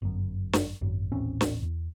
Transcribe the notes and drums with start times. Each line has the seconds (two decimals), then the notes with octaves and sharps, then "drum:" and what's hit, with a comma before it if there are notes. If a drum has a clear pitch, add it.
0.02 G1 F#2
0.53 drum: snare
0.81 G#1 F#2
1.12 D#1 A1 C4 C#4
1.41 drum: snare
1.62 E2